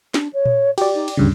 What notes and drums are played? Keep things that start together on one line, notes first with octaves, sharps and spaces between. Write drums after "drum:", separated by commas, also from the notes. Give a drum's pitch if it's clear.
D4, drum: snare
C#5
drum: tom A#2
F#4 G4 D5, drum: cymbal
D#4
drum: cymbal
D2 G2 C#3 G3